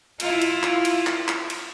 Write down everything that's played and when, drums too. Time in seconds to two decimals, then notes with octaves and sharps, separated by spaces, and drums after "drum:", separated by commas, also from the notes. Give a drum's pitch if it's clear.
0.20 E4 F4, drum: cymbal
0.42 drum: cymbal
0.63 drum: clap
0.85 drum: cymbal
1.07 drum: clap
1.28 drum: clap
1.50 drum: cymbal